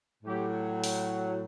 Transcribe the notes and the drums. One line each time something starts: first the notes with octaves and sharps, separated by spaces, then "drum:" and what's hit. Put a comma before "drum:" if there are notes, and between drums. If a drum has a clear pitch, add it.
A2 F#3 G4
drum: open hi-hat